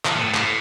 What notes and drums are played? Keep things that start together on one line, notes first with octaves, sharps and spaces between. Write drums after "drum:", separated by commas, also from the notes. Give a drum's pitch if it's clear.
E3, drum: clap
A#2
A2
A2, drum: clap